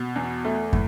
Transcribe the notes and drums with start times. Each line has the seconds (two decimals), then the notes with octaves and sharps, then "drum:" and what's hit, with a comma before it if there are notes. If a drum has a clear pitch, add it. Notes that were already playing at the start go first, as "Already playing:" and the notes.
Already playing: B2
0.16 E2
0.45 A3
0.73 A2, drum: kick